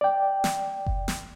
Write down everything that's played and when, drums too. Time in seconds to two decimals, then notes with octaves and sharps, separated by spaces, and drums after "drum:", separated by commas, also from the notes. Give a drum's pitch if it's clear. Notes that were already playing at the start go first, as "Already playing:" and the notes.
0.01 D5 G5
0.44 drum: snare
0.86 drum: kick F#1
1.08 drum: snare